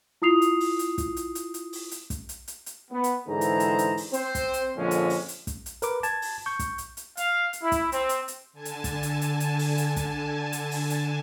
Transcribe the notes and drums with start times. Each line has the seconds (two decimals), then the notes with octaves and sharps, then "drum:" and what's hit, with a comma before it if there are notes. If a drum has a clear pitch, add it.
0.22 E4 F4 D#6 C7 F7
0.42 drum: hi-hat
0.60 drum: open hi-hat
0.79 drum: hi-hat
0.98 drum: kick, hi-hat
1.17 drum: hi-hat
1.35 drum: hi-hat
1.54 drum: hi-hat
1.73 drum: open hi-hat
1.91 drum: hi-hat
2.10 drum: kick, hi-hat
2.29 drum: hi-hat
2.48 drum: hi-hat
2.66 drum: hi-hat
2.91 B3
3.04 drum: hi-hat
3.28 G#2 D3 E3 G#4 C5 A#5
3.41 drum: hi-hat
3.60 drum: hi-hat
3.79 drum: hi-hat
3.97 drum: open hi-hat
4.13 C4 C5, drum: hi-hat
4.35 drum: kick, hi-hat
4.53 drum: hi-hat
4.77 F2 A#2 D3 F3 G#3 C#4
4.91 drum: hi-hat
5.10 drum: open hi-hat
5.28 drum: hi-hat
5.47 drum: kick, hi-hat
5.66 drum: hi-hat
5.82 A#4 B4 D6, drum: hi-hat
6.03 A5 G#6, drum: hi-hat
6.22 drum: open hi-hat
6.46 C#6 G6
6.59 drum: kick, hi-hat
6.78 drum: hi-hat
6.97 drum: hi-hat
7.17 F5, drum: hi-hat
7.53 drum: hi-hat
7.62 E4
7.72 drum: kick, hi-hat
7.92 C4, drum: hi-hat
8.09 drum: hi-hat
8.28 drum: hi-hat
8.53 D3 G#5 A5
8.65 drum: hi-hat
8.84 drum: kick, hi-hat
9.03 drum: hi-hat
9.21 drum: hi-hat
9.40 drum: hi-hat
9.59 drum: open hi-hat
9.78 drum: hi-hat
9.96 drum: kick, hi-hat
10.53 drum: hi-hat
10.71 drum: open hi-hat
10.90 drum: hi-hat